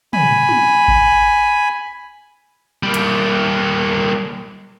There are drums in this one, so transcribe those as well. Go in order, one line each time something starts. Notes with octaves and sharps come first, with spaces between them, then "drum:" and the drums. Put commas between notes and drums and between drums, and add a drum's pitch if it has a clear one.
G#5 B5, drum: tom
drum: tom
drum: kick G#1
G3 A#3
drum: hi-hat